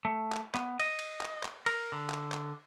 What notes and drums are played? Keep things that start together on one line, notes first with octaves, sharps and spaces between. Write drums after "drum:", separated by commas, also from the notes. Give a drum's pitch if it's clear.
A3
drum: clap
B3, drum: clap
D#5, drum: cymbal
drum: cymbal
drum: clap
drum: clap
A#4, drum: cymbal
D3
drum: clap
drum: clap